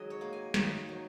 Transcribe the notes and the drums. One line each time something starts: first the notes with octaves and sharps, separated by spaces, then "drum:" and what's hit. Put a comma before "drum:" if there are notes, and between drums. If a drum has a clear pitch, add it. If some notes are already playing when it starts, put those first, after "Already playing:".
Already playing: D#3 F#3 G#3 D#5
C#5
A#3
G#5
D#3 A#5, drum: snare
F#3